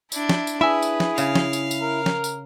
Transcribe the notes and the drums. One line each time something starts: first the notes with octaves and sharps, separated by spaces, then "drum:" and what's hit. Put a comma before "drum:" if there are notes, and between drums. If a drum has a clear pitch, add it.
D4 E4, drum: tambourine
drum: snare
drum: tambourine
E4 G#4 B4 E5 G#5
drum: tambourine
drum: snare
C#3 F5, drum: tambourine
drum: snare
drum: tambourine
drum: tambourine
A#4
drum: snare
drum: tambourine